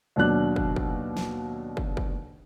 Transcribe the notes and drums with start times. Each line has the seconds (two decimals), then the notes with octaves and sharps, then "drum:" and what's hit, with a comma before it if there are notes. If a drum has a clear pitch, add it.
0.16 D#2 B2 F#3 D4 F#6
0.56 drum: kick
0.76 drum: kick
1.17 drum: snare
1.77 drum: kick
1.97 drum: kick